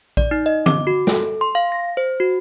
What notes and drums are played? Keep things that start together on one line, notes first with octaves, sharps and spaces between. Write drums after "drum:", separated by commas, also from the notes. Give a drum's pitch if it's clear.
D5, drum: kick A#1
D#4
D#5
D6, drum: tom D3
F#4
A4, drum: snare
C6
F5
A#6
C5
F#4